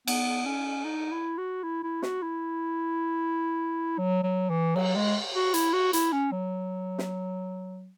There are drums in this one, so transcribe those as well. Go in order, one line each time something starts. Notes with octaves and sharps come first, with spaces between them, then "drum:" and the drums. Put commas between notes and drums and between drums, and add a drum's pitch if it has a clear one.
B3, drum: cymbal
C#4
D#4
E4
F#4
E4
E4
F#4, drum: snare
E4
F#3
F#3
E3
F#3, drum: cymbal
G#3
F#4
E4, drum: hi-hat
F#4
E4, drum: hi-hat
C#4
F#3
drum: snare